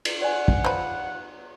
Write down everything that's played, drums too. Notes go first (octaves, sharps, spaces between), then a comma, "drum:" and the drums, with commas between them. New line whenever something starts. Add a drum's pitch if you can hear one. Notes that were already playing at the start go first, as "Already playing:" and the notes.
drum: cymbal
D5 F#5 G#5
drum: kick
F3 B4